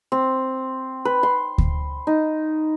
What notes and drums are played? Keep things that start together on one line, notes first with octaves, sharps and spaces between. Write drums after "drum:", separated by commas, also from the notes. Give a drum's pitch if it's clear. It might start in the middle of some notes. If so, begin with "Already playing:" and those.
C4
B4
C6
drum: kick D2
D#4